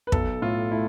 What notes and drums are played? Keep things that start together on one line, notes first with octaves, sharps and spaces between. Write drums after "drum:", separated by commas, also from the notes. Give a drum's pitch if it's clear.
B4
B1 A4, drum: kick
A2 F4
A3 E4